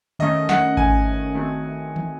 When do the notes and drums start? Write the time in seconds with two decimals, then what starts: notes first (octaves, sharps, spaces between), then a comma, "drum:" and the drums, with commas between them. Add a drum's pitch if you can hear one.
0.19 D#3 A3 C#4 D#5
0.49 F#5, drum: snare
0.77 G#5, drum: kick G#1
1.34 D#3 A3 C4 F#4
1.96 drum: tom D#3